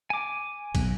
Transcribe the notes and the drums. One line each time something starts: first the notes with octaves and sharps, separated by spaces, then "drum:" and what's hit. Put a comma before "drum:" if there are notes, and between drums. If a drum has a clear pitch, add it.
G#5 D6
B1, drum: kick A1, cymbal